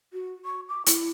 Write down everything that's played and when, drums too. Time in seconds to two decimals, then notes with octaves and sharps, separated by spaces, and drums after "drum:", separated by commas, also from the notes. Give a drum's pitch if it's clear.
0.13 F#4
0.45 C#6
0.69 D6
0.86 E4, drum: hi-hat